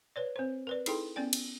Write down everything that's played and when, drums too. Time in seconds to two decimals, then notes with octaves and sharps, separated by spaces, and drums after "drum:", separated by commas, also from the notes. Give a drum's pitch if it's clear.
0.16 B4 C#5 D5
0.36 C4 C5
0.67 A#4 B4 D5
0.86 D#4 E4 G#4 A4 G5 C6, drum: cymbal
1.16 B3 C#4 D5 G5
1.33 drum: cymbal